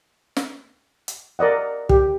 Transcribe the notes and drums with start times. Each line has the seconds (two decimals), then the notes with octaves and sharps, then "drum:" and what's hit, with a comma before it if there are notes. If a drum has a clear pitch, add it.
0.37 drum: snare
1.08 drum: hi-hat
1.39 A#4 D5 D#5 F#5
1.89 G4, drum: kick